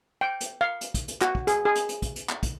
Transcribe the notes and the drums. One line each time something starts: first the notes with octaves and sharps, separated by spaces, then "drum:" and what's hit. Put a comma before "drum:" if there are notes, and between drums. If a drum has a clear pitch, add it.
G5
drum: hi-hat
F5
drum: hi-hat
drum: kick, hi-hat
drum: hi-hat
F#4, drum: clap
drum: kick
G#4, drum: hi-hat
G#4
drum: hi-hat
drum: hi-hat
drum: kick, hi-hat
drum: hi-hat
drum: clap
drum: kick, hi-hat